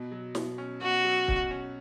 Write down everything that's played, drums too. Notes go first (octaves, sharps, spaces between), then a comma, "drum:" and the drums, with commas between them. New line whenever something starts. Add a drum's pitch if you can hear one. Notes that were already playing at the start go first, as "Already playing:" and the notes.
Already playing: B2
F#3
B2, drum: snare
C#4
B2 F#4
F#3
B2, drum: kick C#1
C#4